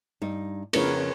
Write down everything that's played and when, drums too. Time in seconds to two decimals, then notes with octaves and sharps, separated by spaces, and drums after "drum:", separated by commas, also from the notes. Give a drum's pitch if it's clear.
0.22 G2 D#4
0.73 F2 A2 C#3 A#4 B4 C#5, drum: cymbal